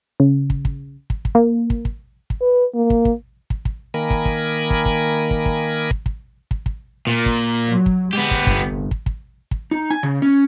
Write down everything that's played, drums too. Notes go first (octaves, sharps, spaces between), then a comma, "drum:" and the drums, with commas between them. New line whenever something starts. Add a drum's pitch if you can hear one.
C#3
drum: kick
drum: kick
drum: kick
drum: kick
A#3
drum: kick
drum: kick
drum: kick
B4
A#3
drum: kick
drum: kick
drum: kick
drum: kick
D#3 A#3 A#4 G#5 B5
drum: kick
drum: kick
drum: kick
drum: kick
drum: kick
drum: kick
drum: kick
drum: kick
drum: kick
drum: kick
A#2
drum: kick
F#3
drum: kick
G#3 B3 G4
drum: kick
G1 C2 G2, drum: kick
drum: kick
drum: kick
drum: kick
D#4
G#5
C#3
C#4